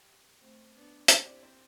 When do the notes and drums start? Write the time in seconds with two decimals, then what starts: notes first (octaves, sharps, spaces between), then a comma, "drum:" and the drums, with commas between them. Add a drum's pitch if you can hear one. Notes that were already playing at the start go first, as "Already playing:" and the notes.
Already playing: G4
0.40 A3 C4
0.75 B3 D4
1.08 C4 E4 G4 G5, drum: hi-hat
1.25 D4 D5
1.43 C4 C5